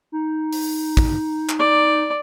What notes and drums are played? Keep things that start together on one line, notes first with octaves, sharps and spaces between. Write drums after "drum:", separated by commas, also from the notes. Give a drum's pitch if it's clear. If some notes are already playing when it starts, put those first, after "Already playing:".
D#4
drum: open hi-hat
drum: kick
drum: clap
D5